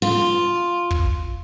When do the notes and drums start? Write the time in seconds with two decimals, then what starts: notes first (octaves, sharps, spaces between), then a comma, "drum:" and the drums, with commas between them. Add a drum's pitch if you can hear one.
0.02 F4
0.91 drum: kick